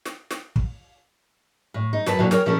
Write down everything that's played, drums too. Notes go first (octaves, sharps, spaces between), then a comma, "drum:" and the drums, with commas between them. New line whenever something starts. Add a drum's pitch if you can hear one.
drum: snare
drum: snare
drum: kick
A2
D#4
F#2 B4 A5, drum: snare
D2 A#2 D3 F#3 E4
A#4 C#5 G5, drum: snare
A#2 F3 C#4 E4 A4 A#4